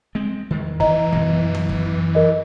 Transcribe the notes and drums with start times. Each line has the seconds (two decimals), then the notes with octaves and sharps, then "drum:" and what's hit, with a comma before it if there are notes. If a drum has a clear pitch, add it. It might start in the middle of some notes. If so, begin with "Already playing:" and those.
0.15 G#3 C4
0.51 E2 D#3
0.80 E3 D#5 A#5, drum: kick
1.12 F#2 B2 F#3, drum: kick
1.55 drum: tom D#3
1.69 drum: kick
2.15 A#4 D#5